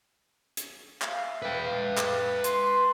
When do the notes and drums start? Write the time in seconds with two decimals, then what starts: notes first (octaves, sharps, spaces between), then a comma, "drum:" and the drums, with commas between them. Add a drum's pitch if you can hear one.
0.57 drum: hi-hat
1.02 E5 F5, drum: clap
1.42 B4 G5
1.97 drum: clap
2.44 C6, drum: hi-hat